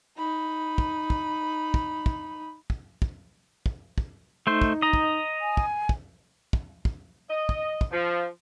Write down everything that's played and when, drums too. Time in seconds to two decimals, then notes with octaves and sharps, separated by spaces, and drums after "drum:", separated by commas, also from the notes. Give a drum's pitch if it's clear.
0.18 D#4 B5
0.78 drum: kick
1.10 drum: kick
1.74 drum: kick
2.06 drum: kick
2.70 drum: kick
3.02 drum: kick
3.66 drum: kick
3.98 drum: kick
4.47 A3 D#4 C5
4.62 drum: kick
4.82 D#5 A#5
4.93 drum: kick
5.41 G#5
5.57 drum: kick
5.89 drum: kick
6.53 drum: kick
6.85 drum: kick
7.30 D#5
7.49 drum: kick
7.81 drum: kick
7.92 F3